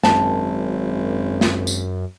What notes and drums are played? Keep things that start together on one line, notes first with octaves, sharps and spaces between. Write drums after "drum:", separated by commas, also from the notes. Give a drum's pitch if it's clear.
G#1 F#2 A5, drum: snare
drum: snare
drum: tambourine